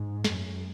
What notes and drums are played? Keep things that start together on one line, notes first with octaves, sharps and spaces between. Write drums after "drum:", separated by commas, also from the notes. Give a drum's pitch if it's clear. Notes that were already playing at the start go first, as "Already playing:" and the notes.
Already playing: G#2
F#2, drum: snare